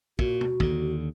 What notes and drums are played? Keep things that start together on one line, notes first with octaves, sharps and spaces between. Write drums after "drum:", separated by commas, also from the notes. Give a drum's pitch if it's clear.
A#2 F#4, drum: kick
drum: tom
D#2 D3, drum: kick